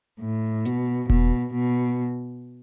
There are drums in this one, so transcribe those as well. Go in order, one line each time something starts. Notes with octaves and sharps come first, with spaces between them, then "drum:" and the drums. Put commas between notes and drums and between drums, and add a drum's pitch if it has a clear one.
A2
B2, drum: hi-hat
B2, drum: kick E1
B2